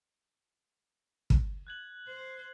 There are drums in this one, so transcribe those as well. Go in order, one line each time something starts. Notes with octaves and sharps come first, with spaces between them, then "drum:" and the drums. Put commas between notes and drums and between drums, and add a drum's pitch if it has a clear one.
drum: kick
F#6 G#6 F#7
C5